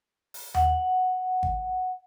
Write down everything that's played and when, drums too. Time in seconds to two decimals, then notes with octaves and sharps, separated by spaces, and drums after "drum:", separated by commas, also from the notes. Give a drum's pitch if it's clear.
0.34 drum: open hi-hat
0.54 F#5, drum: tom D#2
1.43 drum: kick G#1